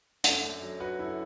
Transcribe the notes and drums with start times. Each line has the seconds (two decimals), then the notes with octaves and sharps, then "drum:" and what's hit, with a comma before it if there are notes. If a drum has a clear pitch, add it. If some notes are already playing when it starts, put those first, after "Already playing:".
0.24 F#2 A3 D4, drum: hi-hat
0.43 A3
0.62 F#3
0.80 F#4 B4
0.99 F#2 E4 A4